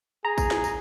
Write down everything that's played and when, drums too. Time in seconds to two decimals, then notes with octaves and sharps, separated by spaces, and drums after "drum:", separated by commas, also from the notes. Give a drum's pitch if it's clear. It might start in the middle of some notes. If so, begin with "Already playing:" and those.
0.25 G#4 A#5
0.38 drum: kick A1, tambourine
0.51 drum: snare
0.64 drum: tambourine